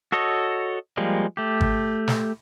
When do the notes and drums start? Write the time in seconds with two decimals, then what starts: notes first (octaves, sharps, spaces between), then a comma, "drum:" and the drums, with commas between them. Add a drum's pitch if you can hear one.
0.12 F#4 A4 C#5 D#5
0.97 F3 G3 G#3 A#3
1.37 A3 G4
1.61 drum: kick G#1
2.08 drum: snare